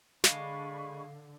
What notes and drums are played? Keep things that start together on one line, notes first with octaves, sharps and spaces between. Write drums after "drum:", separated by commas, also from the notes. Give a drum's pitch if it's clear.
D3 G#3 D4 F5 B5 C#6 C7, drum: snare